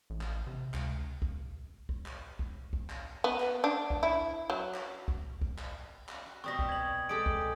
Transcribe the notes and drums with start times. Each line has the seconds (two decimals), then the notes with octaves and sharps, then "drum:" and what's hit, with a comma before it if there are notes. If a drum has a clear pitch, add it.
0.10 A1
0.21 drum: clap
0.47 C3
0.74 C#2, drum: clap
1.22 drum: kick
1.89 drum: kick
2.06 drum: clap
2.39 drum: kick
2.73 drum: kick
2.90 drum: clap
3.24 B3
3.40 drum: clap
3.64 D4
3.90 drum: kick
4.03 E4
4.50 F#3
4.74 drum: clap
5.08 drum: kick
5.41 drum: kick
5.58 drum: clap
6.09 drum: clap
6.26 F#4
6.44 B2 G3 C4 C#6 D#6 A#6
6.59 drum: kick
6.69 G#6 F#7
7.09 G#3 G4 A4 D#6 D7
7.26 drum: kick